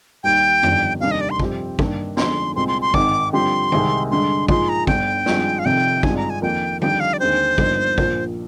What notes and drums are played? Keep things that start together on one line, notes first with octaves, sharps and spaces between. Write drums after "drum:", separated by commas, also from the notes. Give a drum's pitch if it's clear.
D#2 D#3 G3 G5
G1 F2 D#3 G3 D4, drum: tom F2
F1 D#2 D#3 G3 D4 F5
D#5
D5
C6
F2 C3 G3 C4 G4, drum: kick
G2 D#3 A#3 D4, drum: kick
G1 F2 D3 G#3 D#4 C6, drum: snare
C2 A#2 G#3 C4 C6
C6
C6
G#1 G#2 D#3 D6, drum: kick
G2 D3 F3 C4 G4 C6
C2 C3 D#3 G#3 C4, drum: tom D3
G2 D3 G#3 C6
A#2 F3 G#3 D#4 C6, drum: kick
A#5
G1 G2 D3 G5, drum: kick
G#1 G2 F3 G#3, drum: snare
F5
F1 F2 C3 D#3 G5
G#1 G2 F3 G#3 D4 G#5, drum: kick
A#5
G#5
F2 D#3 A#3 G5
F2 D#3 G3 D4 G5, drum: tom D3
F5
D5
D#2 D3 G#3 C4 C5
G1 G2 F3 A#3 D#4, drum: kick
A#1 A#2 F3 A#3, drum: kick